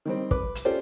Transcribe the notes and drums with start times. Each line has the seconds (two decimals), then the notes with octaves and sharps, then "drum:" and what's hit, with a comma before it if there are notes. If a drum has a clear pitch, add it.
0.05 D#3 G3 C4
0.31 B4 D6, drum: kick
0.55 drum: hi-hat
0.65 C#4 F4 G4 A4 C5 D5